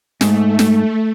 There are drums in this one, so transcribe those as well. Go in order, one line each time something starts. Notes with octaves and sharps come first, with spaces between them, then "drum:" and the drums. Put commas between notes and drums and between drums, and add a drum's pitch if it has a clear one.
G#2 A3, drum: snare
drum: snare